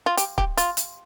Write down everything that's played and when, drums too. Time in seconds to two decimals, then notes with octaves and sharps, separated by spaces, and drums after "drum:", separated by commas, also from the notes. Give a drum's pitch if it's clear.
0.06 F4
0.17 G4, drum: hi-hat
0.38 G4, drum: kick C#1
0.57 F4, drum: hi-hat
0.77 drum: hi-hat